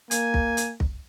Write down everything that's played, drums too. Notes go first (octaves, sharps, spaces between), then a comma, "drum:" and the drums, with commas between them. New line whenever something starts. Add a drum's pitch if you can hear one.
A#3 G#5, drum: hi-hat
drum: kick
drum: hi-hat
drum: kick